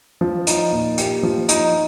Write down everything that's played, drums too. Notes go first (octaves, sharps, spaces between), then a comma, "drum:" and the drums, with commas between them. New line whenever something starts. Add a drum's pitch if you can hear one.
F3
D#4, drum: hi-hat
A#2
G4, drum: hi-hat
F3
D#4, drum: hi-hat